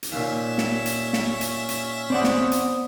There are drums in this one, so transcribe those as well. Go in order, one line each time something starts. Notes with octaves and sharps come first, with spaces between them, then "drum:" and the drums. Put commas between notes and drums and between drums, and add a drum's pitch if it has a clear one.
drum: hi-hat
D#2 A#2 C#4 E5
drum: snare
drum: hi-hat
drum: snare
drum: hi-hat
drum: hi-hat
B3 C4 C5 D5 F#5 D#6
drum: snare
drum: hi-hat